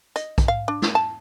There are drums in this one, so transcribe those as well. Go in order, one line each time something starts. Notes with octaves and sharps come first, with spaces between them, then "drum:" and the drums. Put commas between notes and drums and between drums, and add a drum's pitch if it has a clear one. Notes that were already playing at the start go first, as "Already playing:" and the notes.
D#5, drum: hi-hat
drum: kick, hi-hat
F5
D4
drum: snare
A5